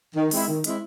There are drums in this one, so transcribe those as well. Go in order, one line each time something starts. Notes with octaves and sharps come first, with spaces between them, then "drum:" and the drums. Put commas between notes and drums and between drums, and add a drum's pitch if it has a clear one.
D#3
G#3 C4 E4, drum: open hi-hat
D#3
G#3 C4 E4, drum: hi-hat